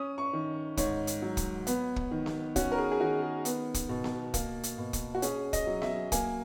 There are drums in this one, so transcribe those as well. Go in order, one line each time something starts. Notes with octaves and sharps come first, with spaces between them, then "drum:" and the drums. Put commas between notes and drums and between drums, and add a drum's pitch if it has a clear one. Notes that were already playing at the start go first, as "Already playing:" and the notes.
Already playing: C#4 D#6
C#6
D#3
G#2 C#5, drum: kick, hi-hat
drum: hi-hat
F#3
drum: kick, hi-hat
B3, drum: hi-hat
drum: kick
D#3
drum: snare B3
C#4 F#4, drum: kick, hi-hat
A#4
G#4
G#4
D#3 F#4
G#4
B3, drum: hi-hat
drum: kick, hi-hat
B2
drum: snare B3
A#3, drum: kick, hi-hat
drum: hi-hat
B2
drum: kick, hi-hat
F#4
C#4 G#4, drum: hi-hat
D#5, drum: kick, hi-hat
F#3
E5, drum: snare B3
A#3 G#5, drum: kick, hi-hat